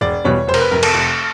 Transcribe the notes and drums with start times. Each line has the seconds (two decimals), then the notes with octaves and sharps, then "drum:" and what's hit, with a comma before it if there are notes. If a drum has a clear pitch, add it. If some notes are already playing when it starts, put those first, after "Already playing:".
0.01 E1 D5
0.24 E2 B2 G3 C#5
0.47 F1 C5
0.54 A#4, drum: cymbal
0.60 B4
0.71 F2 C3 A#4
0.83 A4, drum: cymbal
0.94 F1